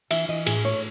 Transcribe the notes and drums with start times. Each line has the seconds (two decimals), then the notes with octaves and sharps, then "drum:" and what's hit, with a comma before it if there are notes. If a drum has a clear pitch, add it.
0.11 E3 E5, drum: cymbal
0.29 E3 D#5
0.46 A2 G#4, drum: cymbal
0.65 A3 C#5